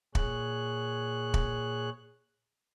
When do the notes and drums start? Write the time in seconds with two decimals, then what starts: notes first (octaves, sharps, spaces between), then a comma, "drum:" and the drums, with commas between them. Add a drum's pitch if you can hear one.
0.15 A#2 G#4 C#5 F#6, drum: kick
1.34 drum: kick